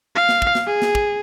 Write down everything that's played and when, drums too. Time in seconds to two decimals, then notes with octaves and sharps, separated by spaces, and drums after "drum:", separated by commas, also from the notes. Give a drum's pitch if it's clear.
0.15 F5
0.29 drum: snare
0.42 drum: kick
0.55 drum: snare
0.67 G#4
0.82 drum: snare
0.95 drum: kick